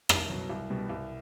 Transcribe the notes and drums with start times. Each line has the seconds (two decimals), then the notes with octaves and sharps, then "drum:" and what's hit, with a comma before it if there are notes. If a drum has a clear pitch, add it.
0.09 C2, drum: rim click
0.30 B2 F#3
0.50 C2
0.70 B2 G3
0.89 C2